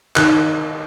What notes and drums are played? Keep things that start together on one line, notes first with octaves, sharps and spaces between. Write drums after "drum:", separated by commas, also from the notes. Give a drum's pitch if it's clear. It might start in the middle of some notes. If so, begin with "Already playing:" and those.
D#3 F#6, drum: clap